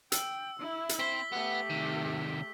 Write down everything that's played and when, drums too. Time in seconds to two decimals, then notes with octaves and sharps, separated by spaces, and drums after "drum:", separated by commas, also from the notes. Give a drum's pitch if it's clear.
0.12 G5 E6, drum: hi-hat
0.60 E4
0.89 drum: hi-hat
0.99 C4 C5 B6 G7
1.33 A3 B3 G4
1.70 C3 D#3